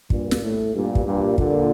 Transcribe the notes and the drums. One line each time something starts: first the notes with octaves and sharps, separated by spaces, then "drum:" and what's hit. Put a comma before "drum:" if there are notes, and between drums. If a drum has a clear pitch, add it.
G2 A#2, drum: kick
drum: snare
A2
G2 A#2
drum: kick
G2 A#2
A#2 D3, drum: kick